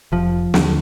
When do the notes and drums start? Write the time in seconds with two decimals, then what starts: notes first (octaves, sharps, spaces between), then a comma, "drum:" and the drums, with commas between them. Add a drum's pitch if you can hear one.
0.12 F1 F3
0.54 D#2 D3, drum: snare